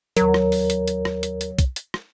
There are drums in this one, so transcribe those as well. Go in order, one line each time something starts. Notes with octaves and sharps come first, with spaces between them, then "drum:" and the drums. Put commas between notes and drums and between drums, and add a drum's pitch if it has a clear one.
D#2 F#3 A#4, drum: hi-hat
drum: rim click
drum: open hi-hat
drum: hi-hat
drum: hi-hat
drum: rim click
drum: hi-hat
drum: hi-hat
drum: kick, hi-hat
drum: hi-hat
drum: rim click